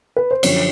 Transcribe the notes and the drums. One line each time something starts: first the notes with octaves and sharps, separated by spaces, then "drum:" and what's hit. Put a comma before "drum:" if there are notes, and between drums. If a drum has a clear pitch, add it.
B4
C5
F#2 D3 F3 C#5, drum: cymbal